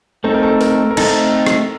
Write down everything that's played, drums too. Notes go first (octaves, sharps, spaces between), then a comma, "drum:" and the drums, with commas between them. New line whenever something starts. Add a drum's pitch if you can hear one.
A3 C4 D#4 A4
A#4
A4
A#4, drum: open hi-hat
A#4
A3 C4 D#4 A4, drum: cymbal
drum: rim click